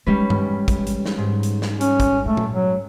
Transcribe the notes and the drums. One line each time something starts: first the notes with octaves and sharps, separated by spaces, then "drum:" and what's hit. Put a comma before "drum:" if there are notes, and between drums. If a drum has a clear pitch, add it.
E3 G3 G#3 C#4 B4
drum: tom G2
drum: kick, hi-hat
drum: hi-hat
drum: snare
G#2
drum: hi-hat
drum: snare
C#4, drum: hi-hat
drum: kick, hi-hat
G#3 A3
drum: tom A#2
F#3